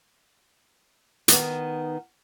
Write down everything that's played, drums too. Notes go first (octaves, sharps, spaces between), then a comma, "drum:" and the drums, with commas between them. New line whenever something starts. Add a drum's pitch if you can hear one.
D#3 B3, drum: hi-hat